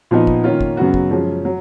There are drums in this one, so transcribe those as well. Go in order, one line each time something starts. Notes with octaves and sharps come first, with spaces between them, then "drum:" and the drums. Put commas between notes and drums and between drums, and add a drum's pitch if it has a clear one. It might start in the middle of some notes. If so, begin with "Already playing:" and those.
A#2 F3 B3 D#4
drum: kick
D#3 A#3 C#4 F4
drum: kick
F#2 C#3 F#3 B3 F#4
drum: kick
F#2 F3 G#3 C#4
F#3